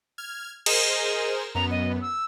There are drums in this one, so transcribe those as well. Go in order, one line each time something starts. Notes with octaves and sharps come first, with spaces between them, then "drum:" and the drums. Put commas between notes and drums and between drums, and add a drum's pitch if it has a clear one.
F6 G#6
G#4 A#4 C5 D#5, drum: cymbal
F#2 B3 A#5
D#5
E6